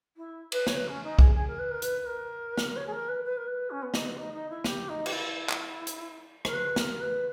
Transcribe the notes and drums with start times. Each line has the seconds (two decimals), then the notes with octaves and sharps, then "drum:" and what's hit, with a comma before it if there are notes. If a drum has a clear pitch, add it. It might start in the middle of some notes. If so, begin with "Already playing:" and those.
0.16 E4
0.52 B4, drum: cymbal
0.67 C#5, drum: snare
0.76 B4
0.88 C#4
1.03 D#4
1.19 G#4, drum: kick
1.34 G#4
1.47 A#4
1.58 B4
1.71 A#4
1.82 B4, drum: hi-hat
2.05 A#4
2.57 drum: snare
2.76 C#5
2.86 G#4
2.92 A#4
3.08 B4
3.24 B4
3.37 A#4
3.46 B4
3.70 C#4
3.82 B3
3.94 D#4, drum: snare
4.05 B3
4.17 D#4
4.33 D#4
4.49 E4
4.64 G4, drum: snare
4.88 D#4
5.06 G4, drum: cymbal
5.12 E4
5.49 drum: clap
5.87 drum: hi-hat
6.45 A#4, drum: rim click
6.53 B4
6.76 A#4, drum: snare
7.00 B4